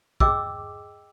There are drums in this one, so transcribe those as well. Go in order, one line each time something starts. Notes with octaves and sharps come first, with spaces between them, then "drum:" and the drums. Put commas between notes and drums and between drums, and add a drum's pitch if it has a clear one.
G#4 D#5 G5 D6 E6, drum: kick